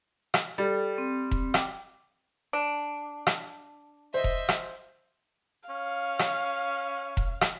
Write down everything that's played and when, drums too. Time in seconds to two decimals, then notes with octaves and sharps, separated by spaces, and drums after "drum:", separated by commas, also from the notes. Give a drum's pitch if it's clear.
0.34 drum: rim click
0.58 G3 A4
0.98 C4
1.31 drum: kick E1
1.54 G5 D6, drum: rim click
2.53 D4
3.27 drum: rim click
4.14 C5 D#5 E5
4.24 drum: kick E1
4.49 drum: rim click
5.69 C#4 F5
6.19 drum: rim click
7.17 drum: kick E1
7.41 drum: rim click